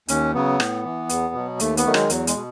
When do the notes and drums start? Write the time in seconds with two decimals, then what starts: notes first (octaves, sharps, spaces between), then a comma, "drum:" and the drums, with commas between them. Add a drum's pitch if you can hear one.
0.08 D#2 C#4, drum: hi-hat
0.34 C#3 F#3 B3
0.60 A2, drum: rim click
0.84 E3
1.09 E2, drum: hi-hat
1.34 B2 F#3
1.60 D#2 A3, drum: hi-hat
1.77 B3, drum: hi-hat
1.86 D#3 F#3 A3
1.94 G#3, drum: rim click
2.10 E2 F#3, drum: hi-hat
2.27 G#3, drum: hi-hat
2.36 B2